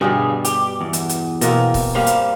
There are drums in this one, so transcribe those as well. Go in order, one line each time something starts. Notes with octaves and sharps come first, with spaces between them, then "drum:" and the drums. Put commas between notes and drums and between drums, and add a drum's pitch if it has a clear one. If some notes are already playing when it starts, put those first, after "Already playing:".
G2 B2 D3 G3 G#4
G4, drum: hi-hat
E2
drum: hi-hat
drum: hi-hat
B2 A#3 C4, drum: hi-hat
drum: kick, open hi-hat
G3 A#3 G4 C5 F5
drum: hi-hat